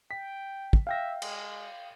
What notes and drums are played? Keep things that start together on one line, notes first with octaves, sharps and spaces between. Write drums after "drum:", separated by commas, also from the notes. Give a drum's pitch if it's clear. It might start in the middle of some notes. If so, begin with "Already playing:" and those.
G5 B6
drum: kick
E5 F5 G5 A#6
G#3, drum: cymbal